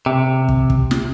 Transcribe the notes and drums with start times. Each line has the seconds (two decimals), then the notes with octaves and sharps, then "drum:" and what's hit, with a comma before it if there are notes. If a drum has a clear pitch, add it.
0.06 C3
0.49 drum: kick
0.70 drum: kick
0.91 drum: snare